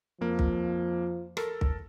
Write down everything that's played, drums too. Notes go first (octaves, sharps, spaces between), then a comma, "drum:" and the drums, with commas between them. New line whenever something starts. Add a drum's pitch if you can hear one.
F2 F3 A#3
drum: kick
A4 A#4, drum: rim click
drum: kick